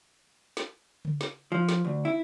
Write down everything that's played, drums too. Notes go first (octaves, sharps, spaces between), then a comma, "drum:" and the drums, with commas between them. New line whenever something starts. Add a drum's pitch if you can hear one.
drum: snare
drum: tom C#3
drum: snare
F3
drum: snare
D2
E4